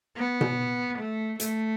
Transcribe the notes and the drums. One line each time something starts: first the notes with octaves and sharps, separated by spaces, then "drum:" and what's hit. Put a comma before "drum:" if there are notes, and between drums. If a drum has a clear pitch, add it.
B3
drum: tom B2
A3
A3, drum: hi-hat